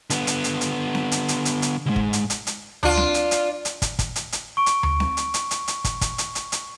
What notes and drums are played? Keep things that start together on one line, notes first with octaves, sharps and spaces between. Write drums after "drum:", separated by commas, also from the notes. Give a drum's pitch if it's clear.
D3 B3, drum: hi-hat
drum: hi-hat
drum: hi-hat
drum: hi-hat
drum: snare C4
drum: hi-hat
drum: hi-hat
drum: hi-hat
drum: hi-hat
C#2 G#2
drum: kick
drum: hi-hat
drum: hi-hat
drum: hi-hat
D4 F4, drum: tom D2
drum: snare C4
drum: hi-hat
drum: hi-hat
drum: hi-hat
drum: kick, hi-hat
drum: kick, hi-hat
drum: hi-hat
drum: hi-hat
C#6 D7
drum: hi-hat
drum: tom D2
drum: snare C4
drum: hi-hat
drum: hi-hat
drum: hi-hat
drum: hi-hat
drum: kick, hi-hat
drum: kick, hi-hat
drum: hi-hat
drum: hi-hat
drum: hi-hat